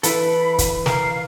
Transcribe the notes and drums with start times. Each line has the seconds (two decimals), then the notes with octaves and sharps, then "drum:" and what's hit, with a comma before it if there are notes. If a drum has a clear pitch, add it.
0.03 E3 E4 A4 B5, drum: hi-hat
0.58 drum: kick, hi-hat
0.86 A#4 F5, drum: snare